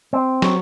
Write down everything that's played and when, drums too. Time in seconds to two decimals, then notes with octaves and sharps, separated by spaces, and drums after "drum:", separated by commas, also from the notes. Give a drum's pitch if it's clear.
0.13 C4
0.42 F#3, drum: snare